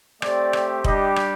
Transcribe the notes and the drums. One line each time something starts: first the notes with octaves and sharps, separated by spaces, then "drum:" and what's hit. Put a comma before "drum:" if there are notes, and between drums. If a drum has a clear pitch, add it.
A3 C4 G4 D5, drum: rim click
drum: rim click
G3 D4 G4 D#5, drum: kick
drum: rim click